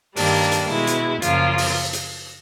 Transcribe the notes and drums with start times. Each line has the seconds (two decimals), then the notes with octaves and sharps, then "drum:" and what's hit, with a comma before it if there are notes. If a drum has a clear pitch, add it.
0.16 G2 D#3 G3 A#3 D4, drum: open hi-hat
0.52 drum: hi-hat
0.69 B2 G#3 E4
0.87 drum: hi-hat
1.22 F#2 C#3 F3 A#3 F4, drum: hi-hat
1.58 drum: open hi-hat
1.93 drum: hi-hat